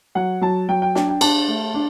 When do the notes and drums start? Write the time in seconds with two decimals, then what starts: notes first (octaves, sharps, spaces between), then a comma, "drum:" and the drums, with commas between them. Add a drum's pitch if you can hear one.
0.15 F#3 F#5
0.41 F#3 A5
0.69 F#3 G5
0.82 G5
0.95 D4 G5, drum: snare
1.09 G5
1.21 D4 A5, drum: cymbal
1.48 A3
1.74 D4